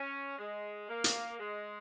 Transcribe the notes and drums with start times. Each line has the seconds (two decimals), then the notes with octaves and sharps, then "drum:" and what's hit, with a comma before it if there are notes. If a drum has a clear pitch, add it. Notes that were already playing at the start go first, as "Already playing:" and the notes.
Already playing: C#4
0.38 G#3
0.89 A#3
1.04 drum: hi-hat
1.39 G#3